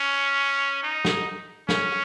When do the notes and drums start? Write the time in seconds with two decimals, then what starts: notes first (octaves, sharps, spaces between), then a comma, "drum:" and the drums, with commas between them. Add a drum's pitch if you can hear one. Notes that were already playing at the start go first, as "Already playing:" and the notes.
Already playing: C#4
0.83 D#4
1.05 drum: snare
1.69 C#4, drum: snare